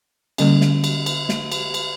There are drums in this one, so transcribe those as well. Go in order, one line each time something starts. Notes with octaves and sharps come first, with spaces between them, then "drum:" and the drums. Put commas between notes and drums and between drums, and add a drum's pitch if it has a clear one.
D3 G3 A#3 C#4, drum: cymbal
drum: snare
drum: cymbal
drum: cymbal
drum: snare
drum: cymbal
drum: cymbal